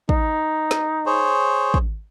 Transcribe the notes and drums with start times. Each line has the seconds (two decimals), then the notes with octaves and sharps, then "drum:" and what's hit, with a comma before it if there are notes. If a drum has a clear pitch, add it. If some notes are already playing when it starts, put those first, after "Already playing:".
0.09 D#4, drum: kick
0.71 drum: snare
1.06 G#4 C5 C#5
1.74 drum: kick